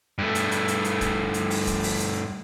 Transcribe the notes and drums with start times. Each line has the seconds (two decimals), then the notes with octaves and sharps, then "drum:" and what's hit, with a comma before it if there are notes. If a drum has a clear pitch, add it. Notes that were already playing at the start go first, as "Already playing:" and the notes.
0.18 G2 A3
0.35 drum: hi-hat
0.51 drum: hi-hat
0.68 drum: hi-hat
0.84 drum: hi-hat
1.01 drum: kick, hi-hat
1.34 drum: hi-hat
1.50 drum: open hi-hat
1.67 drum: kick, hi-hat
1.83 drum: open hi-hat
2.00 drum: hi-hat